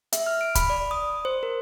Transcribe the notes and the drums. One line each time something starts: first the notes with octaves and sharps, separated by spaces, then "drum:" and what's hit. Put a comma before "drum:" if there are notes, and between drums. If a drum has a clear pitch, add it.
E5, drum: hi-hat
F6
D7
B5, drum: kick, hi-hat
D5
D#6
C5
A#4